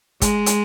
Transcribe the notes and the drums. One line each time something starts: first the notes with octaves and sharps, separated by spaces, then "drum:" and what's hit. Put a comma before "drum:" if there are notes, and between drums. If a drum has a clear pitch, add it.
G#3, drum: kick, hi-hat
drum: hi-hat